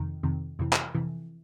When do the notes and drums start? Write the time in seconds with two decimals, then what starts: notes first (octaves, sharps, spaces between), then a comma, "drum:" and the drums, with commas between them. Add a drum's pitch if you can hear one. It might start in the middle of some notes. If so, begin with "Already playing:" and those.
Already playing: F2 C3 D#3
0.23 F2 C3 D#3
0.59 F2 C3 E3
0.73 drum: clap
0.95 F2 C3 E3